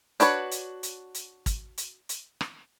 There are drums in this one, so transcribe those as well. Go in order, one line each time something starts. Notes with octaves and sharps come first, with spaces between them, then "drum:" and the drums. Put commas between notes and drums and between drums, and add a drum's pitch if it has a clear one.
D4 F#4 B4 C#5, drum: hi-hat
drum: hi-hat
drum: hi-hat
drum: hi-hat
drum: kick, hi-hat
drum: hi-hat
drum: hi-hat
drum: rim click